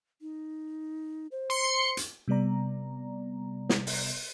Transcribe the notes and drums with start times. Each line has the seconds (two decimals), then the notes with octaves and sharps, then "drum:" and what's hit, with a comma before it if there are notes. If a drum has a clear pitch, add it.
0.22 D#4
1.32 C5
1.50 C6 C#7
1.97 drum: hi-hat
2.28 C3 G3 B3 D5 A#5
3.69 drum: snare
3.87 drum: open hi-hat